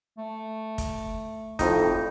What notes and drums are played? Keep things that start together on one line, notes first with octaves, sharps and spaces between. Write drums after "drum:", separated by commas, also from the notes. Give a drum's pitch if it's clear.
A3
drum: kick, hi-hat
F2 A2 D#4, drum: kick, hi-hat